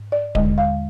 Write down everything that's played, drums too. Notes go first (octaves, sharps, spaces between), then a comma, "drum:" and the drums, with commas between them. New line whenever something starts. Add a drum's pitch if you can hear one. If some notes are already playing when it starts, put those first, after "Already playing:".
Already playing: G#2
D5
D#2 D3 G#3 D#5, drum: kick D1
F5